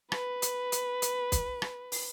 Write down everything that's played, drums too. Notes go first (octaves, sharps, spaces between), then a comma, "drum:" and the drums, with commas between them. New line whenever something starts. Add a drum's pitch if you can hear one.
B4, drum: rim click
drum: hi-hat
drum: hi-hat
drum: hi-hat
drum: kick, hi-hat
drum: rim click
drum: open hi-hat